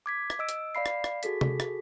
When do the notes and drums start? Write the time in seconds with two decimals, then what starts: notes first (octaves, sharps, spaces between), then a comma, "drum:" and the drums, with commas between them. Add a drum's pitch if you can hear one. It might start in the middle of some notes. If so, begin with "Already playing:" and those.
0.06 D6 G#6 B6
0.30 drum: rim click
0.39 D#5 E6 D7
0.49 drum: hi-hat
0.75 D5 F5 B5 C7
0.86 drum: rim click
1.04 drum: rim click
1.23 F#4 G#4 A4 B6, drum: hi-hat
1.41 drum: tom C3
1.60 drum: rim click